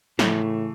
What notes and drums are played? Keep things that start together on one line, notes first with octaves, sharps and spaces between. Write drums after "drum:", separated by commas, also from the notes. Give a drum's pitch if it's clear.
A2 C#3 E3 A3, drum: snare